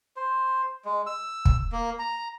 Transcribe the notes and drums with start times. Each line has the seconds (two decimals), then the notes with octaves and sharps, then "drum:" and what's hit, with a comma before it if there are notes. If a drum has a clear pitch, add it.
0.16 C5
0.85 G#3
1.06 E6
1.45 drum: kick
1.72 A#3
1.99 A#5